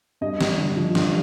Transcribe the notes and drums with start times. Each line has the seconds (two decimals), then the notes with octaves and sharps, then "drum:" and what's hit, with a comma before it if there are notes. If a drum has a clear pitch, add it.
0.21 G2 D#5
0.41 G2, drum: snare
0.58 D3
0.77 F3
0.95 G2, drum: snare